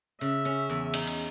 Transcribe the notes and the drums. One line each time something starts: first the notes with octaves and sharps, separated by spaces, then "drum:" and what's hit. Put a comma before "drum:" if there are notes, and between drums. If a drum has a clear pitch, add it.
C#3 E5
C#4
E2
D#4, drum: cymbal
drum: hi-hat